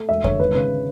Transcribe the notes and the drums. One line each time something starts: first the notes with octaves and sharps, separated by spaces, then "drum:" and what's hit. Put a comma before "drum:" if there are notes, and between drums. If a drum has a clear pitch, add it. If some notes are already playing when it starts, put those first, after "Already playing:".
Already playing: A3
E1 E5
D3 C#5, drum: kick F2
G#1 B4
C#3 B4